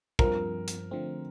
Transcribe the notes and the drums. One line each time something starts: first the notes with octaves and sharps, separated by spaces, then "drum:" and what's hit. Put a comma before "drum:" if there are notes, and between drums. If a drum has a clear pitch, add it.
G2 F3 C4 A#4, drum: kick
drum: hi-hat
D3 F3 A3 C4